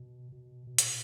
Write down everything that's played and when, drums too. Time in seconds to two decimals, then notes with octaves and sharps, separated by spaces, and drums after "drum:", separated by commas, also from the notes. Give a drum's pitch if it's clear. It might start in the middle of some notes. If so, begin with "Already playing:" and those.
Already playing: B2
0.32 B2
0.67 B2
0.78 A#2, drum: hi-hat